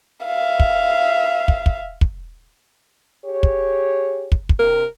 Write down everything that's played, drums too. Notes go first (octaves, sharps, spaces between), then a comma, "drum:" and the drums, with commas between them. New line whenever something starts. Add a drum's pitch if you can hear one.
E5 F5
drum: kick
drum: kick
drum: kick
drum: kick
G4 G#4 C#5
drum: kick
drum: kick
drum: kick
G2 C3 A#4